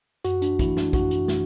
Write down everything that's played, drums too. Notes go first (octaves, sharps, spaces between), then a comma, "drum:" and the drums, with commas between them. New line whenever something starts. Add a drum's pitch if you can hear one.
F#2 F#4, drum: hi-hat
D4, drum: hi-hat
E3 A3 E4, drum: kick, hi-hat
D4, drum: snare
F#2 F#4, drum: kick, hi-hat
drum: hi-hat
E3 A3, drum: snare